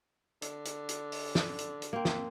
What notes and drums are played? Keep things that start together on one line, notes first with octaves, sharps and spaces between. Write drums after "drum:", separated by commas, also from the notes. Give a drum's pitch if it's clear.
D3, drum: hi-hat
drum: hi-hat
drum: hi-hat
drum: open hi-hat
drum: snare
drum: hi-hat
drum: hi-hat
A#3 C4
drum: snare